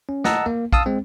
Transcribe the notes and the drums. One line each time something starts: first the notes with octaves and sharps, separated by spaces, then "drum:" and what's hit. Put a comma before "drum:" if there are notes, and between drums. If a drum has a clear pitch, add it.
C#4
D#5 F#5 A5 A#5 E6, drum: snare
A#3
F5 A5 D#6 E6, drum: kick A#1
G#3 C4